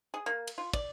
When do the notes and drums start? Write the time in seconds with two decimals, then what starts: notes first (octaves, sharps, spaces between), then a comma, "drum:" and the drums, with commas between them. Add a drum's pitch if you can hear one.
0.14 G#4
0.26 A#3
0.47 drum: cymbal
0.58 F4
0.73 D5, drum: kick, cymbal